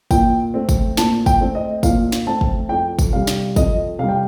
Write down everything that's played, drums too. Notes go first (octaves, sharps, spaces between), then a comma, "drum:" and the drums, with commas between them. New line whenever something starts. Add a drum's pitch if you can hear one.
A#2 G5, drum: kick, tambourine
A3 C4
drum: kick, tambourine
A#2 A5, drum: snare
G5, drum: kick, tambourine
A3 C4
D#5
A#2 F5, drum: kick, tambourine
drum: snare
A3 C4 A5
drum: kick
F2 G5
drum: kick, tambourine
C3 G3 F5
drum: snare
F2 D#5, drum: kick, tambourine
C3 G3 F5
G5